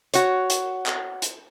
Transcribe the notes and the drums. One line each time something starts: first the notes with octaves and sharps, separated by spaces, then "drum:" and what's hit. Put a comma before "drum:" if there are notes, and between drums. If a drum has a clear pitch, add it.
F#4 C#5, drum: hi-hat
drum: hi-hat
drum: clap
drum: hi-hat